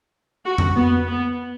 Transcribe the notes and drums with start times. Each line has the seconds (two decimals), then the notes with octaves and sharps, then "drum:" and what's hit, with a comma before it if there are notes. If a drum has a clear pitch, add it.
0.45 F#4
0.58 drum: tom F2
0.76 B3
1.07 B3